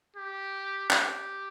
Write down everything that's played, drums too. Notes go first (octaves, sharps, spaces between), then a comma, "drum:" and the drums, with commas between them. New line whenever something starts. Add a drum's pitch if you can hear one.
G4
G4, drum: clap